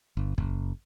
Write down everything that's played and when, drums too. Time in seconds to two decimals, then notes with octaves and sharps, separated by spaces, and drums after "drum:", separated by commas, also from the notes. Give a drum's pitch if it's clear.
0.17 G1
0.38 F#1, drum: kick